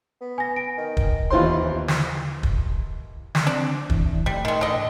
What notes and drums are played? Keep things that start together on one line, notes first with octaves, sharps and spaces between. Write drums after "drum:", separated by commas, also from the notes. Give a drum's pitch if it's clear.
B3
G#5 A#6
D7
D#3
drum: kick
D#2 E3 F4 C5 C6
drum: snare
drum: kick
drum: snare
C4 D4
E3, drum: kick
A2 G3
D#3 G#3
D3 D#5